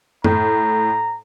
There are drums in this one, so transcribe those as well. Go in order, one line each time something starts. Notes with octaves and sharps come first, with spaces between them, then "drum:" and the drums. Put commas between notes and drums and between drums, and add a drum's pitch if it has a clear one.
A2 A#5, drum: tom F#2